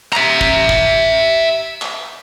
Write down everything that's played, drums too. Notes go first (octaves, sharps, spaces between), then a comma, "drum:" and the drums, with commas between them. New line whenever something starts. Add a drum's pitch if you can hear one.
E5 A#5, drum: clap
drum: kick
drum: kick
drum: clap